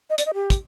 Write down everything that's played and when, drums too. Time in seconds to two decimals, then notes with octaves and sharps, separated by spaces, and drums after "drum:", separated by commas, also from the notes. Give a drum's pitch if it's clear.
0.10 D#5
0.18 D5, drum: hi-hat
0.26 D#5
0.34 G4
0.50 drum: kick, hi-hat